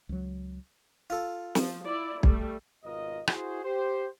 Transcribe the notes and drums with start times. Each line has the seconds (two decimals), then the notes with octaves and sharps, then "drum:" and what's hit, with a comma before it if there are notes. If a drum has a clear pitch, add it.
0.09 C#2 F#3
1.10 F4 A4
1.55 F3, drum: snare
1.85 E4 D5
2.23 G3 A3, drum: kick
2.84 G#1 B2 F4 A#4 D#5
3.27 E4 F#4 G#4 C5, drum: rim click
3.64 G4 C5